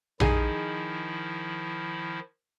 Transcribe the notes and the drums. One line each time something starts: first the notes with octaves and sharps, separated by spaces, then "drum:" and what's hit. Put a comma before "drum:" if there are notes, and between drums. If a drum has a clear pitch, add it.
D#3 F3 D#4 E4 G#4 G#5, drum: tom A#1